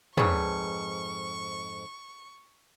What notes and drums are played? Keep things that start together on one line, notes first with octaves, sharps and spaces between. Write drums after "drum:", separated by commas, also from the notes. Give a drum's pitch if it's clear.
F2 G#2 G#4 B4 C#5 D5 C#6, drum: tom